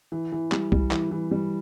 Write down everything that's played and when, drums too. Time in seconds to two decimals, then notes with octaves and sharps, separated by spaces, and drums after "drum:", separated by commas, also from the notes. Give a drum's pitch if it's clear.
0.12 E3
0.32 E3
0.52 G3, drum: clap
0.72 G3, drum: kick
0.91 E3, drum: clap
1.11 E3
1.31 G3